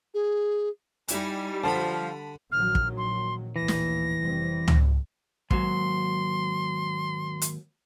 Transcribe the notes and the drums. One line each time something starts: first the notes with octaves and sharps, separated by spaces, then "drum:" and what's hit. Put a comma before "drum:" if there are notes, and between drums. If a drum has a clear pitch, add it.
G#4
G3 D#4 E4 G#5, drum: hi-hat
D3 F3 A5 B5
A#1 D#3 F#3 F6
drum: kick
C6
A#1 D#2 A2 E3 A#6
drum: snare
F1 G3 C4
drum: tom C#2
D#2 G#2 F#3 C6, drum: kick
drum: hi-hat